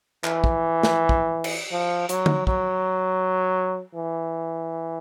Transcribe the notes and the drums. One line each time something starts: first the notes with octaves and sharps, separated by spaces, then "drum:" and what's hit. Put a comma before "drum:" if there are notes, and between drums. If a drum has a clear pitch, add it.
E3, drum: clap
drum: kick
drum: snare
drum: kick
drum: cymbal
F3
F#3, drum: hi-hat
drum: tom D3
F#3, drum: kick
E3